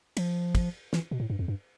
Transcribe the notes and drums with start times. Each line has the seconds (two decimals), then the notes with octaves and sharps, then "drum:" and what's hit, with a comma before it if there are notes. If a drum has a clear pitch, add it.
0.17 F3, drum: cymbal
0.55 drum: kick, cymbal
0.93 E3, drum: snare
1.11 B2
1.20 A2
1.30 G2
1.39 F2
1.48 G2